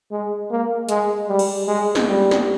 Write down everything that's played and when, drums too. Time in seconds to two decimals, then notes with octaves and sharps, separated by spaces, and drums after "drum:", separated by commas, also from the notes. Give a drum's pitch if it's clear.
0.11 G#3
0.51 A#3
0.89 G#3, drum: hi-hat
1.28 G3
1.39 drum: cymbal
1.68 G#3
1.95 drum: snare
2.07 G3
2.31 drum: snare